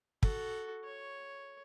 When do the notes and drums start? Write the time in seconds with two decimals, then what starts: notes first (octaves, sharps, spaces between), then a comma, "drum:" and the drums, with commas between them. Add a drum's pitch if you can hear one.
0.23 F#4 A4, drum: kick
0.85 C#5